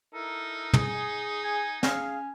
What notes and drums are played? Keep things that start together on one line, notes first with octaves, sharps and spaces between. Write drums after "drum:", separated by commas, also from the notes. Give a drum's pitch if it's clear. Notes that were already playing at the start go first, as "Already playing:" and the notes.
D#4 E4 A4 A#4
G#4, drum: tom
G#5
C#4 G#4 F5, drum: snare